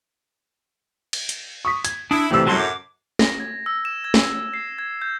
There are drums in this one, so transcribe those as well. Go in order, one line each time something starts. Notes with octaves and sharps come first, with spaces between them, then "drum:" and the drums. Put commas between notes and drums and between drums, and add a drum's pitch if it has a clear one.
drum: cymbal
drum: hi-hat
C#6 D#6 B6
G#6, drum: hi-hat
D4 E4 D#6
G#2 C3 E3 F3 G3 A3 E6
F#2 A2 F#3 G3 A5 C6
D6
A#6, drum: snare
G#6
E6
E7
G#6
drum: snare
C7
G#6
G6